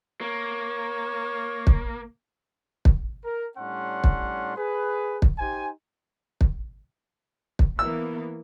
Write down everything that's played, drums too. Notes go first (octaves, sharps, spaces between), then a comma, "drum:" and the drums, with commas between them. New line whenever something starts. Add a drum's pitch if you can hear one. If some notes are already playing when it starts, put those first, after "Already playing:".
A#3 C#5
drum: kick
drum: kick
A#4
A2 G3 C#4 D4 F#5 C6
drum: kick
G#4 B4
drum: kick
D#4 G4 C5 G#5
drum: kick
drum: kick
E3 A#3 B3 E6